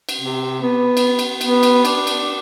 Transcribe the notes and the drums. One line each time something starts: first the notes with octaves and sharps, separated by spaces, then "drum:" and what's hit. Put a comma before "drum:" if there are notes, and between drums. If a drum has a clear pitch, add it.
drum: cymbal
C3
B3
drum: cymbal
drum: cymbal
B3, drum: cymbal
drum: cymbal
D4, drum: cymbal
drum: cymbal